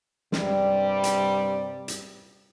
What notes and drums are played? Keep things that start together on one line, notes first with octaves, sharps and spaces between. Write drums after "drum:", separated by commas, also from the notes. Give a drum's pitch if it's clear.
G2 C3 G3, drum: snare
drum: hi-hat
drum: hi-hat